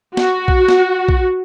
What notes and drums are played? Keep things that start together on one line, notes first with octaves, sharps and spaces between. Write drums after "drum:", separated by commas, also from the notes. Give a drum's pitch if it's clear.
F#4, drum: snare
drum: kick
drum: snare
drum: kick